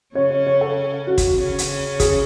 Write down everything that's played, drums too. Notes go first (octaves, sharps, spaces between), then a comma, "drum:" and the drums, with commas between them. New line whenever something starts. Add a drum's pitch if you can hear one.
C#3 C#4 C#5
C#5
C#5
A4
F#4
drum: kick, hi-hat
C#3 C#4
drum: hi-hat
G#4, drum: kick, hi-hat